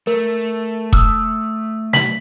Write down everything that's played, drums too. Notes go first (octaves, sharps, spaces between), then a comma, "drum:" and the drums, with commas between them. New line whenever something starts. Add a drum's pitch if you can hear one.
A3 A#4
D#6 E6, drum: kick E1
B6 F#7, drum: snare